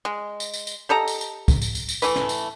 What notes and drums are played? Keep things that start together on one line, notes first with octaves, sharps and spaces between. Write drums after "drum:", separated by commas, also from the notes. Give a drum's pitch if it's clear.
G#3
drum: tambourine
drum: tambourine
drum: tambourine
G4 A4 D#5 A#5
drum: tambourine
drum: tambourine
drum: kick C2, tambourine
drum: tambourine
drum: tambourine
drum: tambourine
E3 A3 B4, drum: tambourine
drum: snare
drum: tambourine